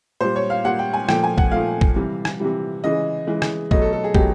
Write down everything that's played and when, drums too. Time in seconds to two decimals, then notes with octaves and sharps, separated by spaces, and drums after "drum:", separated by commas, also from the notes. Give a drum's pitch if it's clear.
0.21 A#2 G3 C5
0.36 C#5
0.50 F5
0.65 A#2 G3 F#5
0.79 G5
0.94 G#5
1.09 A#2 F3 A3 G5, drum: rim click
1.24 G#5
1.38 F#5, drum: kick
1.52 A#2 F3 A3 F5
1.81 drum: kick
1.96 C3 E3 G3
2.25 drum: rim click
2.40 C3 E3 G3
2.84 C#3 E3 G#3 D#5
3.27 C#3 E3 G#3
3.42 drum: rim click
3.71 B2 F#3 A3 D#5, drum: kick
3.82 A4
3.93 A4
4.04 G#4
4.15 B2 F#3 A3 G4, drum: kick